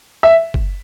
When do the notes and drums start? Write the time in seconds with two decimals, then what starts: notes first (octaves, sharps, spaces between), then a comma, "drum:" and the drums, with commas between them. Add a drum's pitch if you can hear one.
0.23 E5
0.54 drum: kick F#1